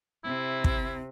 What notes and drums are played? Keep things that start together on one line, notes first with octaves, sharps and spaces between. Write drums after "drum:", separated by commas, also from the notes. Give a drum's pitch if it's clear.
C3 E4
drum: kick